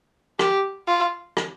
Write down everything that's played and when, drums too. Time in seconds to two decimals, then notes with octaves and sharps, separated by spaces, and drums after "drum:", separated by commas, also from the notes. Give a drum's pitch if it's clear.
0.39 G4, drum: rim click
0.88 F4
1.37 drum: rim click